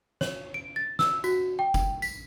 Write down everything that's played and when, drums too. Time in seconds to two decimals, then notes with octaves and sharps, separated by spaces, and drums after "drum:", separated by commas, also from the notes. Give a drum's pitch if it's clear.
0.21 C#5, drum: snare
0.54 D7
0.76 A6
0.99 E6, drum: snare
1.24 F#4, drum: tambourine
1.59 G5
1.74 drum: kick F#1, tambourine
2.02 B6, drum: tambourine